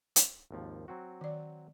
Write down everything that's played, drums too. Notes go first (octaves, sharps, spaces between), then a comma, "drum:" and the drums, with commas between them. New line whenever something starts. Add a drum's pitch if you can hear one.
drum: hi-hat
G#1 D#2 F3
F#3 C4 F#4
D#3 D5